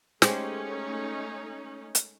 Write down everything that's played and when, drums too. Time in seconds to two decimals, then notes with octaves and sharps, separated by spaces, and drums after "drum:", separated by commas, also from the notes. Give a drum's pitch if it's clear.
0.22 G#3 A3 C#4 D#4 G4 C5, drum: snare
1.95 drum: hi-hat